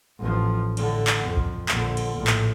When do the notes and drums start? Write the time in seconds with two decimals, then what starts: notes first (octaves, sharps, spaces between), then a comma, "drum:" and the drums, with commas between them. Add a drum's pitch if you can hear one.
0.19 A1 F3
0.77 A2 D3, drum: cymbal
1.07 drum: clap
1.23 F2
1.37 drum: kick
1.68 A#1 D3, drum: clap
1.97 drum: cymbal
2.17 A#1 A2
2.27 drum: clap